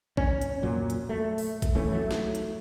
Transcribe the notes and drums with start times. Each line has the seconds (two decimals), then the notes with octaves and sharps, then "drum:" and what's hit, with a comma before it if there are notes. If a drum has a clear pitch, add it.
0.17 C#4, drum: kick
0.42 drum: hi-hat
0.62 F2 A#2 F#3
0.90 drum: hi-hat
1.09 A3
1.38 drum: open hi-hat
1.62 drum: kick, hi-hat
1.75 D1 E3 A3 C#4
1.91 F#3 A3
2.11 drum: snare
2.35 drum: hi-hat